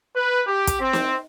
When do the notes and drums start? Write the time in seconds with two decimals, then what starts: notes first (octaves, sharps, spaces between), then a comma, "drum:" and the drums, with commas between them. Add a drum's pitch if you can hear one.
0.15 B4
0.47 G4
0.67 drum: kick, hi-hat
0.80 C4
0.93 drum: snare